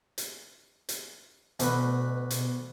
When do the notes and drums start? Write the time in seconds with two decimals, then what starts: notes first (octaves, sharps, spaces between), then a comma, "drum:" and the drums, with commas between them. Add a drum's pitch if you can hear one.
0.18 drum: hi-hat
0.89 drum: hi-hat
1.60 D2 B2 B4, drum: hi-hat
2.30 drum: hi-hat